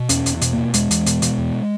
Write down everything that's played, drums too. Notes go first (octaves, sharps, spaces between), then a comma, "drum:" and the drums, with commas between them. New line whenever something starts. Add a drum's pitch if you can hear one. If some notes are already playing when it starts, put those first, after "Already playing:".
Already playing: B2
E2 C#4, drum: hi-hat
E2, drum: hi-hat
B2, drum: hi-hat
B2 A#3
E2 G#3, drum: hi-hat
E2, drum: hi-hat
B2, drum: hi-hat
B2, drum: hi-hat
E2